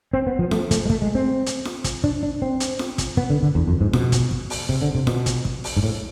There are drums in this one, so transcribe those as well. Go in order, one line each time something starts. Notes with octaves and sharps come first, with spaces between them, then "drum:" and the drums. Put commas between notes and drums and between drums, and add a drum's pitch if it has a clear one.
C4
B3
F3
A3, drum: snare F4
A3, drum: kick, hi-hat
G#3
A3, drum: kick
G#3
C4
drum: hi-hat
drum: snare F4
drum: kick, hi-hat
D4, drum: kick
D4
C4
drum: hi-hat
drum: snare F4
drum: kick, hi-hat
B3, drum: kick
D3
D3
E2
F2
G#2
B2, drum: snare F4
drum: kick, hi-hat
drum: kick
drum: open hi-hat
C3
D3
C3
B2, drum: snare F4
drum: kick, hi-hat
drum: kick
drum: open hi-hat
G#2
A2